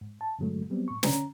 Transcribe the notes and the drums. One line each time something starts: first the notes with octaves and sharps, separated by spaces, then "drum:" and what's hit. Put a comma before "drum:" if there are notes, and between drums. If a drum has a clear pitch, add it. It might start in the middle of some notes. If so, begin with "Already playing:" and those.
G#2
A5
G2 A#2 D3 F#3 G#3 A3
F#3 G3 B3 C4
A2 C#6
D3 C#4 A#5, drum: snare